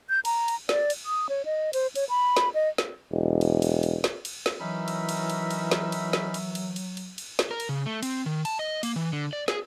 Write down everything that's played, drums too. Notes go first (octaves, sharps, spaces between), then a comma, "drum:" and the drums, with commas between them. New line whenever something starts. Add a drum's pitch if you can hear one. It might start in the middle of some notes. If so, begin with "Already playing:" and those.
G6
A#5, drum: cymbal
drum: cymbal
D5, drum: snare
drum: cymbal
D#6
C#5
D#5
C5, drum: cymbal
C#5, drum: cymbal
B5
drum: snare
D#5
drum: snare
E1
drum: cymbal
drum: cymbal
drum: cymbal
drum: snare
drum: cymbal
drum: snare
E3 F#3 C#4 D#4 F#4 A#4 E5 B5
drum: cymbal
drum: cymbal
drum: cymbal
drum: cymbal
drum: snare
drum: cymbal
drum: snare
drum: cymbal
drum: cymbal
drum: cymbal
drum: cymbal
drum: cymbal
drum: snare
A#4
drum: cymbal
C#3
A3
C4, drum: cymbal
D#3
A5, drum: cymbal
D#5
A#3, drum: cymbal
E3
D3
D5
G#4, drum: snare